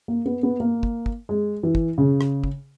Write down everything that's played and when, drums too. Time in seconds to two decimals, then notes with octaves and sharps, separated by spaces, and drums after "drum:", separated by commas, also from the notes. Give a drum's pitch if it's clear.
0.08 A#3
0.26 B3
0.43 B3
0.60 A#3
0.83 drum: kick
1.06 drum: kick
1.29 G#3
1.63 E3
1.75 drum: kick
1.98 C#3
2.21 drum: rim click
2.44 drum: kick